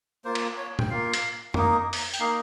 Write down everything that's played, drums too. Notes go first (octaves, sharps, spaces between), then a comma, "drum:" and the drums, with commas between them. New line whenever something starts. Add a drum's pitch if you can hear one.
A#3 F4 C5
drum: cymbal
C#5
G5, drum: tom
A#3 F4 F5
drum: hi-hat
A#3 D#4, drum: tom F2
drum: open hi-hat
G5, drum: tambourine
A#3 D#4 F5